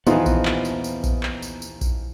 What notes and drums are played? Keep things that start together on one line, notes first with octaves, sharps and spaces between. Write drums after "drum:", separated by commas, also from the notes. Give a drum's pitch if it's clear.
D#1 E3 F3 B3 D#4 F4, drum: tambourine
drum: kick A#1, tambourine
drum: clap
drum: tambourine
drum: tambourine
drum: kick A#1, tambourine
drum: clap
drum: tambourine
drum: tambourine
drum: kick A#1, tambourine